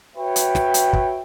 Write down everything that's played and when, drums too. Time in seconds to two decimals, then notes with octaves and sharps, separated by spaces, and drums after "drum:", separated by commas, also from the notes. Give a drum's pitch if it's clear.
0.17 F#4 B4 C#5 E5 G5
0.36 drum: hi-hat
0.55 drum: snare
0.74 drum: hi-hat
0.93 drum: kick